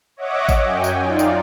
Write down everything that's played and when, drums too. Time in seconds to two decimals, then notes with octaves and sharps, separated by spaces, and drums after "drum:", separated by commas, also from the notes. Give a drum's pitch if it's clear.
0.17 C#5 D#5 E5 F#5 D6
0.49 drum: kick A1, tambourine
0.63 F#2 G5 G#5
0.84 drum: tambourine
1.01 D#4 F4 D5
1.19 drum: tambourine